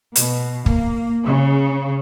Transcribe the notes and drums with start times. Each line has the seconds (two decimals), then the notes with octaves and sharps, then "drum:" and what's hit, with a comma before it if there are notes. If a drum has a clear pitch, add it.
0.15 B2, drum: hi-hat
0.66 A#3, drum: kick
1.24 C#3